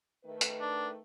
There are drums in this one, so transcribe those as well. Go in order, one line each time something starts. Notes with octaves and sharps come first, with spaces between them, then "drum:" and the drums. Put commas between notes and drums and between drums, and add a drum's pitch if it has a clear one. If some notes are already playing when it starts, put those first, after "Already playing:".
D#3 A3 B4
drum: hi-hat
D4